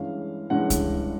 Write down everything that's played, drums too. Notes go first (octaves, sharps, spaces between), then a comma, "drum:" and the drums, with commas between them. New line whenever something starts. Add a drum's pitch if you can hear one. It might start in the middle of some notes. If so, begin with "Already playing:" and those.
Already playing: G2 E3 G#3 C#4 F5
G2 E3 G#3 C#4 F#5
drum: kick C#2, hi-hat